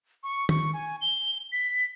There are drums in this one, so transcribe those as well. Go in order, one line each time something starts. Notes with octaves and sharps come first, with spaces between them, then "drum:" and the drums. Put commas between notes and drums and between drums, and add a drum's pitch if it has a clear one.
C#6
C#6, drum: tom D#3
G#5
G7
B6